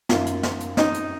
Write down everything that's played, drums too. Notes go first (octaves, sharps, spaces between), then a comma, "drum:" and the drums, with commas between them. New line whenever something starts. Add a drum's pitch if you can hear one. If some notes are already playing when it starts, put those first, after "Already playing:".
F#2 D#3 A#3 F4, drum: snare
drum: hi-hat
drum: snare
drum: hi-hat
D#4, drum: snare
drum: hi-hat